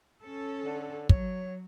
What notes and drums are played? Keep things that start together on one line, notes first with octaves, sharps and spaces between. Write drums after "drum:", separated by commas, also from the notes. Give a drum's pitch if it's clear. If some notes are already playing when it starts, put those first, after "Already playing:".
C#4 A4
D3
F#3 C#5, drum: kick